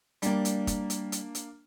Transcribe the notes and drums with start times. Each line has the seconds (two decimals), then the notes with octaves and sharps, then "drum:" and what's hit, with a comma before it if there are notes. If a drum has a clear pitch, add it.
0.22 G3 A#3 D4, drum: hi-hat
0.45 drum: hi-hat
0.67 drum: kick, hi-hat
0.90 drum: hi-hat
1.12 drum: hi-hat
1.35 drum: hi-hat